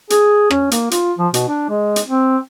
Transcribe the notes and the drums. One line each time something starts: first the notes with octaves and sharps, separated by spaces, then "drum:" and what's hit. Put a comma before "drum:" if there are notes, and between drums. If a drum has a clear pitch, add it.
G#4, drum: hi-hat
C#4, drum: rim click
A#3, drum: hi-hat
F4, drum: hi-hat
F3
B2, drum: hi-hat
D4
G#3
drum: hi-hat
C4